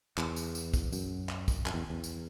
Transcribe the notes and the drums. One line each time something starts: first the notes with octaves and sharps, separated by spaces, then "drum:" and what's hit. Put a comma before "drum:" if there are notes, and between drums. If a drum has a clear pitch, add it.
E2, drum: clap
drum: tambourine
drum: tambourine
drum: kick, tambourine
F#2, drum: tambourine
drum: clap
drum: kick, tambourine
F#2, drum: clap
E2
E2
drum: tambourine